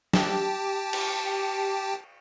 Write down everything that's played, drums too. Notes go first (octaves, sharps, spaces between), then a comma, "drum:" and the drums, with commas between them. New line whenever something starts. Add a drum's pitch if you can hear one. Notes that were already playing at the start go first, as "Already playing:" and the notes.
G4 G5 A5, drum: snare
drum: cymbal